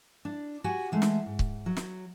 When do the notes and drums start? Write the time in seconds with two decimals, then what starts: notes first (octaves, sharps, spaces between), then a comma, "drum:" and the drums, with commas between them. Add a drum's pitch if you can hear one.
0.25 D4
0.64 F#4 G4 F#5 G#5
0.92 E3 G#3 A3
1.02 drum: snare
1.26 G#2
1.39 drum: kick C#1
1.66 F#3
1.77 drum: snare